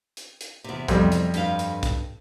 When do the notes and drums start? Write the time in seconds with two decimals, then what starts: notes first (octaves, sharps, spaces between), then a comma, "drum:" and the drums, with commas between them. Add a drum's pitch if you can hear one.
0.17 drum: hi-hat
0.41 drum: hi-hat
0.64 E2 C3
0.88 F2 G3, drum: kick, hi-hat
1.12 drum: hi-hat
1.34 G2 F5, drum: hi-hat
1.59 drum: hi-hat
1.83 drum: kick, hi-hat